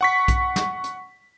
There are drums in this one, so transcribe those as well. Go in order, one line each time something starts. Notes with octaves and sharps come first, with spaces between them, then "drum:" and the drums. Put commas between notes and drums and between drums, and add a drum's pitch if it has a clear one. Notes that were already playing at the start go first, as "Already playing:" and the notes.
F#5 C#6 B6
drum: kick B1, hi-hat
drum: snare
drum: hi-hat